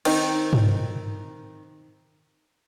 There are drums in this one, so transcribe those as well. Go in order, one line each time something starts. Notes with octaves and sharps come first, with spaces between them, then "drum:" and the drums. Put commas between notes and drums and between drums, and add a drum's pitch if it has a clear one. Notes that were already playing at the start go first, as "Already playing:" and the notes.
D#3 C4 D#4, drum: cymbal
drum: tom